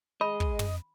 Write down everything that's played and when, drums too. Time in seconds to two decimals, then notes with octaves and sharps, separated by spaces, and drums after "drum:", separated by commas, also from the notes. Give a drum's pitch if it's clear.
0.21 G#3 D#5 B5
0.40 drum: kick
0.59 drum: tom